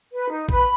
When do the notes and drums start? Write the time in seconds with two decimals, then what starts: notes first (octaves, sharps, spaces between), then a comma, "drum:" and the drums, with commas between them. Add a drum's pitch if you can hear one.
0.12 B4
0.30 D#4
0.49 B4 B5, drum: kick